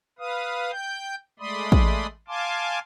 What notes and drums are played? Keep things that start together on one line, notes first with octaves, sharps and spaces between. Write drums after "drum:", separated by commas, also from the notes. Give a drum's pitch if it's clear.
B4 F5 D#6
G5 G6
G#3 A3 D5 B5 C6 D#6
drum: kick
F5 G#5 A5 C6 D6